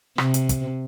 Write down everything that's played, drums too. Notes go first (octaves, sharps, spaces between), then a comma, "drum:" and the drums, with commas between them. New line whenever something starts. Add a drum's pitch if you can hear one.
C3, drum: rim click
drum: hi-hat
drum: kick, hi-hat